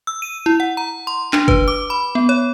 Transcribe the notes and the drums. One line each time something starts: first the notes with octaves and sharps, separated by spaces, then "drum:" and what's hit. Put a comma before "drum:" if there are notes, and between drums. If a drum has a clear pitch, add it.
E6
D#7
E4
F#5
A#5
C6
D4, drum: clap
B4, drum: kick F#1
D6
B5
B3
C#5